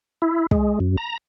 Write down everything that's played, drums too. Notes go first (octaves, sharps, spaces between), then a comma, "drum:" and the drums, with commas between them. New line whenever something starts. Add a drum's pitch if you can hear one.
E4
G#3, drum: kick
F#2
A#5